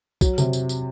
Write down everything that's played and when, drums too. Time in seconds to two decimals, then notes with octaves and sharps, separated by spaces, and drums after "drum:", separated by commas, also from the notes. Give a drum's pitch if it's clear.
0.21 F#3, drum: kick, tambourine
0.38 C3, drum: tambourine
0.53 drum: tambourine
0.69 drum: tambourine